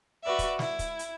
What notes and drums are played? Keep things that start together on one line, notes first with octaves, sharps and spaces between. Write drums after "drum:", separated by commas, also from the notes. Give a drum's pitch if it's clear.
F#4 B4 D5 E5
drum: kick, hi-hat
E4, drum: snare
drum: kick, hi-hat
drum: hi-hat